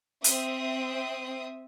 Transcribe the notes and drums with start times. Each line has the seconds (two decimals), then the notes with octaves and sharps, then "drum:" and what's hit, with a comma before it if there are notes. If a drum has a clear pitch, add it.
0.24 C4 E5 D#6, drum: hi-hat